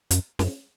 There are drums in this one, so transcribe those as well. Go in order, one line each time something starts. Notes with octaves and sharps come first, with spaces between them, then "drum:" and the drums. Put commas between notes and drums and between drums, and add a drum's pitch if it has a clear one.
F#2, drum: hi-hat
F#2, drum: snare